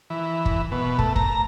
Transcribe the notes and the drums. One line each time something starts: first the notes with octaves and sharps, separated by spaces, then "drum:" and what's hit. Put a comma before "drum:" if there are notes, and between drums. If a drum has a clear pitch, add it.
E3
drum: kick
B2
A3, drum: kick
A#5, drum: kick